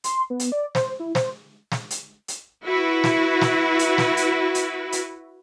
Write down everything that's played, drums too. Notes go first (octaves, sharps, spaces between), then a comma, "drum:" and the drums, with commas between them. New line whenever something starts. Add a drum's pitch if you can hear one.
C6, drum: hi-hat
B3
drum: hi-hat
D5
C5, drum: snare
E4
C5, drum: snare
drum: snare
drum: hi-hat
drum: hi-hat
E4 F#4 B4
drum: snare
drum: snare
drum: hi-hat
drum: snare
drum: hi-hat
drum: hi-hat
drum: hi-hat